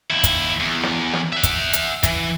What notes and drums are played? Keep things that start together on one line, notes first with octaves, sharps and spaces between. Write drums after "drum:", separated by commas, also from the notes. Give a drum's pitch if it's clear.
D#2 E4
drum: kick, hi-hat
E2
drum: snare
drum: snare
E5 F#5
drum: kick, hi-hat
drum: hi-hat
E3, drum: kick, hi-hat